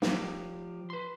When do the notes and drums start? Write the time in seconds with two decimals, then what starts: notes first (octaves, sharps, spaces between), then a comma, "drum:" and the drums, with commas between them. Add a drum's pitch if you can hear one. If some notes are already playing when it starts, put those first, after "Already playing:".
0.02 F3 G4, drum: snare
0.90 B4 C6